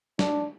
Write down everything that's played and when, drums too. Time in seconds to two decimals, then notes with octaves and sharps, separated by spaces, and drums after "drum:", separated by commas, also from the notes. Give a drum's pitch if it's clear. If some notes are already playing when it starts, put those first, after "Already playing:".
0.19 D4, drum: snare